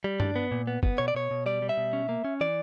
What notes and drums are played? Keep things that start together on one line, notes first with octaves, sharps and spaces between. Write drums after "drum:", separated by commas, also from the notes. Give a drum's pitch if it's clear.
G3
D4, drum: tom G2
B3
A#2
B3
B3, drum: kick
B2 C#5
D5
B2 C#5
B2
G3 D5
G3
E5
B2
C#4
A#3
C#4
E3 D5